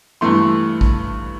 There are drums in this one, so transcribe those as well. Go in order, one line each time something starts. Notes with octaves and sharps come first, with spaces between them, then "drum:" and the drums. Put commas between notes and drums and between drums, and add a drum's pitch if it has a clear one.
G2 E3 A3 C6
drum: kick A1